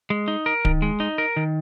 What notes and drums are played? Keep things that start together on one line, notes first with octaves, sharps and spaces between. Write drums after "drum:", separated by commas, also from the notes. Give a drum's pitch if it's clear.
G#3
D#4
A#4
D#3, drum: kick D1
G#3
D#4
A#4
D#3